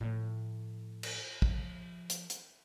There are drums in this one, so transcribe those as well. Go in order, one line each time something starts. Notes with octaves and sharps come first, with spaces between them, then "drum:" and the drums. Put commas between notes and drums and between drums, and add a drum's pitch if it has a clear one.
A2 F3
drum: cymbal
F3, drum: kick
drum: hi-hat
drum: hi-hat